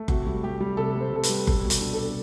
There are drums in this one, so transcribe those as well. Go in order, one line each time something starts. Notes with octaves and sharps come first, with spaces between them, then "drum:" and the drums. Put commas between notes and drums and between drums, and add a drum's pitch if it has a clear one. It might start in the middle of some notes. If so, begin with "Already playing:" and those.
Already playing: A3
C3 F#4, drum: kick F#1
G3
G3 G4
G3
C3 A4
G3
C5
C3 A4
B4, drum: hi-hat
G3
B2 A4, drum: kick F#1
B2
G4, drum: hi-hat
D4
D4 A4